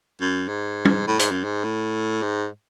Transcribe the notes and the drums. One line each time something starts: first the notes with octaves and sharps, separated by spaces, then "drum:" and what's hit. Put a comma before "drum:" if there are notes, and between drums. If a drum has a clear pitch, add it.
F#2
G#2
drum: tom
A2
G#2, drum: hi-hat
F#2
G#2
A2
G#2